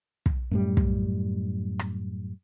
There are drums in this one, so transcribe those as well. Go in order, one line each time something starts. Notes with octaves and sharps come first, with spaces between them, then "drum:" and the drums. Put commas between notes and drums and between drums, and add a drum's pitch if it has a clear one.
drum: kick
F#2 A2 G3
drum: kick
drum: rim click